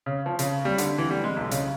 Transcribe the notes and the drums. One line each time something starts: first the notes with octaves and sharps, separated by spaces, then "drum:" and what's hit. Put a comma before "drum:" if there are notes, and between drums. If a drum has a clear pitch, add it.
C#3
F3
C#3, drum: hi-hat
G3
D3, drum: hi-hat
E3
G3
G#3
B1
C#3, drum: hi-hat